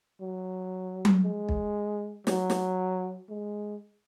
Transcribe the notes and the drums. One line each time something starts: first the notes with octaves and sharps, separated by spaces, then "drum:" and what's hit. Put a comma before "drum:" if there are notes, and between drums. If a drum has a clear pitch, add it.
F#3
drum: tom F#3
G#3
drum: kick
F#3, drum: snare
drum: snare
G#3